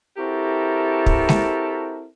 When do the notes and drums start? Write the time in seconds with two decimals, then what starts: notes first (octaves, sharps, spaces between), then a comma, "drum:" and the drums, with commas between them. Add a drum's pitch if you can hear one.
0.17 C4 E4 F#4 G4 A4 A#4
1.06 drum: kick
1.29 drum: snare G#3